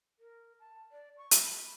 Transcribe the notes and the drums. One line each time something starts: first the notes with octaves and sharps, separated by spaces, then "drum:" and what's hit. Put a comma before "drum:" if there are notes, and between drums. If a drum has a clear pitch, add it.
A#4
A5
D5
C#6
drum: hi-hat
B5